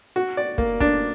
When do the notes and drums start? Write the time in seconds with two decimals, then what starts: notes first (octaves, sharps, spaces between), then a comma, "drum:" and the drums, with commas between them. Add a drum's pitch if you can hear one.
0.16 F#4
0.37 D5
0.58 A#3, drum: kick
0.80 D4, drum: kick